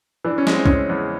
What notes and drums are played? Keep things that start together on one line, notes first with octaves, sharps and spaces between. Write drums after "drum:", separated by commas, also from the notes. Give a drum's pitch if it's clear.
E3 D4
C#4
G#3, drum: snare
C4
C#3 C#4, drum: kick
E2